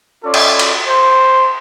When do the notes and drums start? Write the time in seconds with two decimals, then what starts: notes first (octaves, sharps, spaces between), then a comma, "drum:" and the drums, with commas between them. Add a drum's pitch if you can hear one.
0.24 C#4 F4 A4 D5
0.34 drum: cymbal
0.59 drum: cymbal
0.87 C5